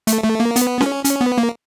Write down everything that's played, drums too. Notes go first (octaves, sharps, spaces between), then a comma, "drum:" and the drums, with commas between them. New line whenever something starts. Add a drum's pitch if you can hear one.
A3, drum: hi-hat
A3
A#3
B3, drum: hi-hat
C#4, drum: snare C#4
C#4, drum: hi-hat
B3
A#3